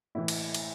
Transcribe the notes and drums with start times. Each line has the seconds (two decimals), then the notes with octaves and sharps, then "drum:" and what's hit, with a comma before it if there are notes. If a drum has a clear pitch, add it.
0.15 A2 E3 E4
0.28 drum: cymbal
0.55 drum: cymbal